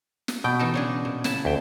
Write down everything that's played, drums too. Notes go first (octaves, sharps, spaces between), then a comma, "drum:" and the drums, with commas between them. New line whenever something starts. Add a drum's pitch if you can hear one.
drum: snare
B2 G5
E3 D#4 A4
C#3 D4 G#4
A#2
C#3 E4 A5, drum: snare
D2 G5